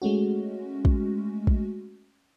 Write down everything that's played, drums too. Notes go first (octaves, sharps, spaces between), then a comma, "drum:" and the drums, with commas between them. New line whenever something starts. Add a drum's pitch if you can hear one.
G#3 A3 C#4 F#4
drum: kick
drum: kick